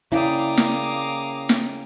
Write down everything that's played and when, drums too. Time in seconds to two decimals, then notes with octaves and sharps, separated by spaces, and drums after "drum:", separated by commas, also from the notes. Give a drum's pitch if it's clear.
0.12 C#3 A#3 E4 D5 F5 G5 D6 D#6
0.57 drum: snare
1.49 drum: snare